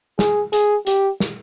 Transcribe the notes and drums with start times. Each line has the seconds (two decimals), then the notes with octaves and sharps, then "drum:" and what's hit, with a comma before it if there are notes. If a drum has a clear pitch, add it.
0.19 G#4, drum: snare
0.53 G#4, drum: hi-hat
0.87 G4, drum: hi-hat
1.20 drum: snare